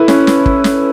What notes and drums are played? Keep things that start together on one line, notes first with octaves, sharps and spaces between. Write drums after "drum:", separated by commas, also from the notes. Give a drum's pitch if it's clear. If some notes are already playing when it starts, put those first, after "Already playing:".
Already playing: E4 A4 B4
C#4, drum: snare
drum: snare
drum: kick
drum: snare